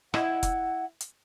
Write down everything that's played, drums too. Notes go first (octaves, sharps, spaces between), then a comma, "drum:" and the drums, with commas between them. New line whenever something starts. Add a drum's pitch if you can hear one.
E4 D#5 F#5, drum: rim click
drum: kick F1, hi-hat
drum: hi-hat